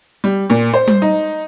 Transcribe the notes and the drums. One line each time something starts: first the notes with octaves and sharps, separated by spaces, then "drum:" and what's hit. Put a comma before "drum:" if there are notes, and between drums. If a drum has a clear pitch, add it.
G3
A#2
C5
drum: tom G3
D#4